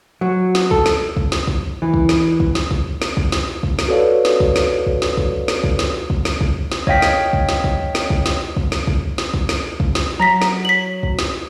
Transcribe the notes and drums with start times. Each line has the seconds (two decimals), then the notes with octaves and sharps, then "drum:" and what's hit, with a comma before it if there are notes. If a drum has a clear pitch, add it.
0.21 F#3
0.55 drum: snare
0.71 A4, drum: kick
0.86 drum: snare
1.17 drum: kick
1.32 drum: snare
1.47 drum: kick
1.82 E3
1.94 drum: kick
2.09 drum: snare
2.40 drum: kick
2.55 drum: snare
2.71 drum: kick
3.02 drum: snare
3.17 drum: kick
3.32 drum: snare
3.63 drum: kick
3.79 drum: snare
3.88 F#4 A4 B4 C#5 D5 F5
4.25 drum: snare
4.40 drum: kick
4.56 drum: snare
4.87 drum: kick
5.02 drum: snare
5.17 drum: kick
5.48 drum: snare
5.64 drum: kick
5.79 drum: snare
6.10 drum: kick
6.25 drum: snare
6.41 drum: kick
6.72 drum: snare
6.87 C#5 D#5 F5 G5 B6, drum: kick
7.02 drum: snare
7.33 drum: kick
7.49 drum: snare
7.64 drum: kick
7.95 drum: snare
8.10 drum: kick
8.26 drum: snare
8.57 drum: kick
8.72 drum: snare
8.87 drum: kick
9.18 drum: snare
9.34 drum: kick
9.49 drum: snare
9.80 drum: kick
9.95 drum: snare
10.20 F#3 A#5 A#6 B6
10.42 drum: snare
10.65 B6 F#7
11.03 drum: kick
11.19 drum: snare